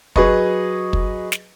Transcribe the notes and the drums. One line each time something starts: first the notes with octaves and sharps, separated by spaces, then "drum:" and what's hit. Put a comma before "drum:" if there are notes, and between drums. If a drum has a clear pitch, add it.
F#3 G#4 B4 D#5 C#6, drum: kick
drum: kick
drum: snare